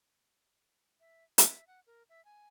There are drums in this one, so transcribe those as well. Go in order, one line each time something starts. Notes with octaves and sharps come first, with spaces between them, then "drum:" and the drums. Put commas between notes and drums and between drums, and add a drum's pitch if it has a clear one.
E5
E5, drum: hi-hat
F#5
A#4
E5
G#5